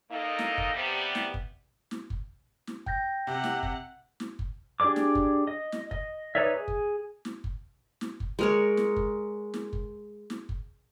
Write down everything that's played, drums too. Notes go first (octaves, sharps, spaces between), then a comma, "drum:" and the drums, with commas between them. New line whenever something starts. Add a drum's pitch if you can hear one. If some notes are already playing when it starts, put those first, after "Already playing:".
A#2 A#3 D#4 A4 D#5
drum: snare
drum: kick
C3 G3 B3
drum: snare
drum: kick
drum: snare
drum: kick
drum: snare
G5 G6 A#6, drum: kick
C3 F#5
drum: snare
drum: kick
drum: snare
drum: kick
D4 G4 G#4 D5 D6
drum: snare
drum: kick
D#5
drum: snare
D#5, drum: kick
D#4 B4 C#5 D5 E5
G#4
drum: kick
drum: snare
drum: kick
drum: snare
drum: kick
G#3 A#4 C#5
drum: snare
drum: kick
drum: snare
drum: kick
drum: snare
drum: kick